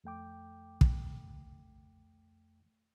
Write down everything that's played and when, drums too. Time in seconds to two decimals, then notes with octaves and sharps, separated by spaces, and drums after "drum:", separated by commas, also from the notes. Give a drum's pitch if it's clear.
0.04 F2 A3 G5 D6
0.81 drum: kick